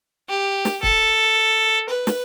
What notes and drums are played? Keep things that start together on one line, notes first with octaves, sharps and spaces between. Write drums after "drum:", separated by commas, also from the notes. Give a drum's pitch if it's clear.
G4
drum: snare
A4, drum: kick
B4
drum: snare